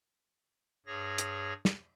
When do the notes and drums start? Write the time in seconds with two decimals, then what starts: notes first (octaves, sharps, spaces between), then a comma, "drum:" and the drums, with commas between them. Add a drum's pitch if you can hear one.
0.86 G2 G#4 C#5 A#6
1.18 drum: hi-hat
1.65 drum: snare